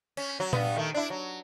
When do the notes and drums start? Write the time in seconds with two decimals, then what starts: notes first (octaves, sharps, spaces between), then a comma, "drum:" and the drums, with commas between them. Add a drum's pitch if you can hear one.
0.17 C#4, drum: cymbal
0.40 F#3
0.53 G2 B3, drum: tom A#2
0.76 D#3 A3
0.94 D4 E4
1.10 F#3